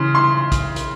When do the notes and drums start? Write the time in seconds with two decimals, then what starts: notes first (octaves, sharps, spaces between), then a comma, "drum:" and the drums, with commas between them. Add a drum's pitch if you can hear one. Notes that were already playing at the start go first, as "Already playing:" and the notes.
Already playing: C#3 E3 C6
0.15 C6
0.52 drum: kick, hi-hat
0.76 drum: hi-hat